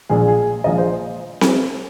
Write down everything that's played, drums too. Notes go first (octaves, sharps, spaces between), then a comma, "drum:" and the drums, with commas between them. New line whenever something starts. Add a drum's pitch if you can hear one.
A#1 A#2 F3 G#3 G#4
G#4
A#1 A#2 F3 G#3 D#5
C5
drum: snare C4